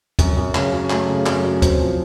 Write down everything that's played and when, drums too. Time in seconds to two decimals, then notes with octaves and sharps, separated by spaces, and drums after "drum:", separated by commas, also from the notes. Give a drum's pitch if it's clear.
0.19 F#2, drum: kick, hi-hat
0.37 F#2
0.55 C#3, drum: clap
0.72 F#3
0.90 A3, drum: clap
1.08 C#3
1.26 F#2, drum: clap
1.44 F#3
1.62 C4, drum: kick, hi-hat
1.80 F3